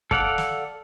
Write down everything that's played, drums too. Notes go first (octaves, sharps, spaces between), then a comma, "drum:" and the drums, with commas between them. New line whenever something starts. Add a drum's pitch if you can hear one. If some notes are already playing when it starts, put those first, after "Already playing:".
A4 D5 F5 F#5, drum: kick
drum: snare